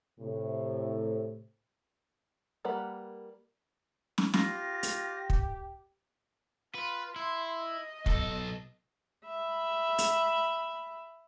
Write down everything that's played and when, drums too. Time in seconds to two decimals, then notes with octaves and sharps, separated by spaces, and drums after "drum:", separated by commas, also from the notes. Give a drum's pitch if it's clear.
0.19 A2 C3
2.65 G3 A#3 B4 F#5
4.18 drum: snare
4.34 F4 G4 A#6, drum: snare
4.83 drum: hi-hat
5.30 drum: kick
6.75 F4 B4
7.16 E4 C6
7.63 D#5
8.06 B1 A4, drum: kick
9.26 E5 B5
9.98 drum: hi-hat